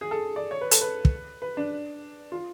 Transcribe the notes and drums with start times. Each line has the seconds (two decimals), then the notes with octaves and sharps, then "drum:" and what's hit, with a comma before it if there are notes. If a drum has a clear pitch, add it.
0.01 G#4
0.11 A4
0.36 D5
0.51 C#5
0.61 B4
0.71 A4, drum: hi-hat
0.81 B4
1.05 drum: kick
1.42 B4
1.57 D4
2.32 F4